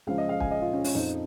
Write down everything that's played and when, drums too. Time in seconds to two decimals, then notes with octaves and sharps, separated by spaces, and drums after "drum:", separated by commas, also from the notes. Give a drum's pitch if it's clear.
0.07 C#2 C#3 F3 F5
0.18 D#5
0.29 F5
0.40 G#5, drum: kick
0.51 D#5
0.62 F4
0.73 C#4
0.84 C#4, drum: open hi-hat
0.95 F2 F3 D#4